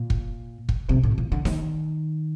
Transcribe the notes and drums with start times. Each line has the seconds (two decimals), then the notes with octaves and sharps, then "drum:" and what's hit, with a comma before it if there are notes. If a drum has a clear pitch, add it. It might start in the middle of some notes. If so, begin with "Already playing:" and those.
Already playing: A#2
0.10 drum: kick
0.69 drum: kick
0.89 C3
1.04 A2
1.18 A#2
1.32 D3
1.45 D#3, drum: snare D#4